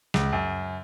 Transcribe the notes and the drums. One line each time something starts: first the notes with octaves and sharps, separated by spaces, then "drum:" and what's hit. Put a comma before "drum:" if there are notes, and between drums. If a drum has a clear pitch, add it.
C#2, drum: snare
F#2